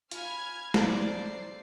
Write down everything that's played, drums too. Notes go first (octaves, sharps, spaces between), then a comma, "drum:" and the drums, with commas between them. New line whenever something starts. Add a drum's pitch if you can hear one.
F4 G#5 B5 F6 G#6, drum: hi-hat
F2 A4 C5 D5 A#5 C7, drum: snare